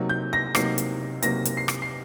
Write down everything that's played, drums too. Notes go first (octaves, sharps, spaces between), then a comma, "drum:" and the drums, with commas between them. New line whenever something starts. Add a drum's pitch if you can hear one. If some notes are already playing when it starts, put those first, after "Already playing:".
Already playing: C3 F#3 A#3 D#4
G6
A#6
C3 F#3 A#3 D#4 C7, drum: rim click
drum: hi-hat
C3 F#3 A#3 D#4 A#6, drum: hi-hat
drum: hi-hat
C7
drum: rim click
C7